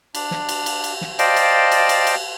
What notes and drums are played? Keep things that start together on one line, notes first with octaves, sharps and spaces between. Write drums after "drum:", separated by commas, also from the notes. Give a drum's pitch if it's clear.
D4, drum: cymbal
drum: snare
drum: cymbal
drum: cymbal
drum: cymbal
drum: snare
C5 D5 D#5 F5 G5 A5, drum: cymbal
drum: cymbal
drum: cymbal
drum: cymbal
drum: cymbal